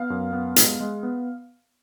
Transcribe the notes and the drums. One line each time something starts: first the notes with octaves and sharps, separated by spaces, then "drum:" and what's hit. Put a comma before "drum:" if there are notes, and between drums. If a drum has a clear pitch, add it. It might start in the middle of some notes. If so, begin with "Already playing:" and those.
Already playing: B3 F5
F#2
B3
G#3, drum: hi-hat
G#3
B3